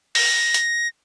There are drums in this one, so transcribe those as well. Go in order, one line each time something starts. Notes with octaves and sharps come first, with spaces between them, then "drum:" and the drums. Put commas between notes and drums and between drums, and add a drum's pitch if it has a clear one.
A#6, drum: open hi-hat
drum: hi-hat